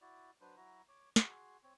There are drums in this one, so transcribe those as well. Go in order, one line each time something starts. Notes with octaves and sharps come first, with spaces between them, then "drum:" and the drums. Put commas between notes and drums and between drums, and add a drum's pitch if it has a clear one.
E4 F#4 D5
F#3 D4 B4 C5
F#3 E4 F#4 A#5
C#5 D6
F#4 G#4 C6, drum: snare
C4 C#5